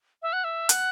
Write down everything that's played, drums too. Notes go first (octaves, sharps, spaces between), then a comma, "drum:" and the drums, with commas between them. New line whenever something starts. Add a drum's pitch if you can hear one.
E5
F#5
E5
F#5, drum: hi-hat